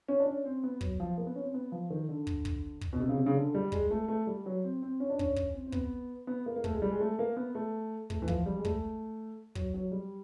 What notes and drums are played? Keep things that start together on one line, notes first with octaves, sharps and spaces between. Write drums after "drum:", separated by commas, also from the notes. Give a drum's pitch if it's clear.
C#4
D4
C#4
C4
B3
F#3, drum: kick
F3
A#3
B3
C#4
C4
B3
F3
D#3
D3
drum: kick
drum: kick
drum: kick
B2
C3
C#3
C3
C#3
D3
G3
G#3, drum: kick
A3
A3
G3
F#3
C4
C4
C#4
D4
C#4, drum: kick
drum: kick
C4
C4
B3, drum: kick
B3
A#3
A#3
A3, drum: kick
G#3
G3
G#3
A3
A#3
B3
A3
A3, drum: kick
E3
F3, drum: kick
G3
G#3
A3, drum: kick
F#3, drum: kick
F#3
G3